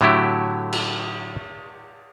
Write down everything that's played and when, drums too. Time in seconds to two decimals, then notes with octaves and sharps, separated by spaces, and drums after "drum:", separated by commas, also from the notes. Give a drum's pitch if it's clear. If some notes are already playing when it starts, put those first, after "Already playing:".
0.01 A2 D3 F#3 A3 E4 G4
0.72 drum: cymbal